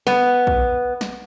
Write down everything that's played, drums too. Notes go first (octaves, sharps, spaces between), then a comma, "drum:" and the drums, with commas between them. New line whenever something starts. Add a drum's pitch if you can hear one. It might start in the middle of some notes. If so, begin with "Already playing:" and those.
B3, drum: snare
drum: kick A#1
drum: snare